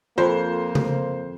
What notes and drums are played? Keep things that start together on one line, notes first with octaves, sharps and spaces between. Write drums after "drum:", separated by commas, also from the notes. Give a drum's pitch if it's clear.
F2 A#3 F4 C5
drum: tom C#3